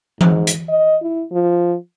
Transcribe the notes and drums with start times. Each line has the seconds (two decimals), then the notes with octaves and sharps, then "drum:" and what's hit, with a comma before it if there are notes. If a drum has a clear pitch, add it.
0.21 G#2, drum: tom E3
0.47 drum: hi-hat
0.68 D#5
1.02 E4
1.32 F3